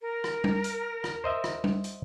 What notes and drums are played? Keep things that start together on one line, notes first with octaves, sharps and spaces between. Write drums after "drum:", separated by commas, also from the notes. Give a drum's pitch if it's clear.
A#4
drum: rim click
drum: tom G3
drum: hi-hat
drum: rim click
C5 D#5 E5
drum: rim click
drum: tom G3
drum: hi-hat